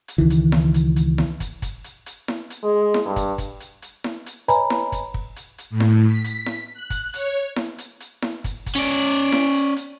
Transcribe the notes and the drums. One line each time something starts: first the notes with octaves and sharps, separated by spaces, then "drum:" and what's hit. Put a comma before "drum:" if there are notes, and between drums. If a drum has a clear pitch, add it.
drum: hi-hat
C#2 D#3 E3
drum: hi-hat
drum: snare E4
drum: hi-hat
drum: hi-hat
drum: snare E4
drum: kick, hi-hat
drum: kick, hi-hat
drum: hi-hat
drum: hi-hat
drum: snare E4
drum: hi-hat
G#3
drum: snare E4
G2
drum: kick, hi-hat
drum: kick, hi-hat
drum: hi-hat
drum: hi-hat
drum: snare E4
drum: hi-hat
B4 C#5 D#5 G#5 A#5 B5, drum: hi-hat
drum: snare E4
drum: kick, hi-hat
drum: kick
drum: hi-hat
drum: hi-hat
A2
drum: snare E4
B6
drum: hi-hat
drum: snare E4
F#6
drum: kick, hi-hat
C#5, drum: hi-hat
drum: snare E4
drum: hi-hat
drum: hi-hat
drum: snare E4
drum: kick, hi-hat
drum: kick, hi-hat
C#4 D5
drum: hi-hat
drum: hi-hat
drum: snare E4
drum: hi-hat
drum: hi-hat